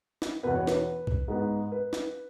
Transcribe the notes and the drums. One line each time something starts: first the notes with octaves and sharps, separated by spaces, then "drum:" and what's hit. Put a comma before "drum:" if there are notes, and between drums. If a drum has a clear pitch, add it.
drum: snare
E2 B2 B3 B4
C#5
B4, drum: snare
drum: kick C2
G#2 G#3 B3
B4
drum: snare